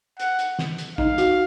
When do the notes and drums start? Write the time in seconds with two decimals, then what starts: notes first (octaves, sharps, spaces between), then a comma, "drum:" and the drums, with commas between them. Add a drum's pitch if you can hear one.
0.20 F#5, drum: hi-hat
0.39 drum: hi-hat
0.59 drum: snare
0.78 drum: hi-hat
0.98 D#4 F5, drum: kick
1.18 F#4, drum: hi-hat